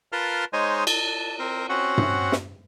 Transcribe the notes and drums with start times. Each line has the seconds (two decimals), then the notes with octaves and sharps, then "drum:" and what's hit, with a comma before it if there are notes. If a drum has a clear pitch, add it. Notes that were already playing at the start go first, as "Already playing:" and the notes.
0.12 F4 A#4 B4 A5 C6 F6
0.53 G#3 D#4 C5 C#5 D#5 G#5
0.87 A5, drum: cymbal
1.39 C4 A#4
1.69 C4 C#4 F#4 F#5
1.98 drum: tom G2
2.32 drum: snare